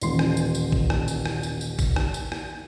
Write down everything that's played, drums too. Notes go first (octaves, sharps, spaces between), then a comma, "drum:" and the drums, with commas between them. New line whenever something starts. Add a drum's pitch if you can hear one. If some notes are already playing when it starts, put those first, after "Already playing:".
D#1 A1 C6 C7, drum: tambourine
drum: rim click
drum: tambourine
drum: tambourine
drum: kick
drum: rim click
drum: tambourine
drum: rim click
drum: tambourine
drum: tambourine
drum: kick, tambourine
drum: rim click
drum: tambourine
drum: rim click